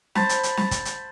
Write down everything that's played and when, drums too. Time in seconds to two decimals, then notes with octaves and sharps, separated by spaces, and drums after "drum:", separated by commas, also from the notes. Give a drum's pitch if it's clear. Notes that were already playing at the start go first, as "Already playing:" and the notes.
0.15 C5 A5 B5, drum: snare
0.29 drum: hi-hat
0.43 drum: hi-hat
0.57 drum: snare
0.71 drum: kick, hi-hat
0.85 drum: hi-hat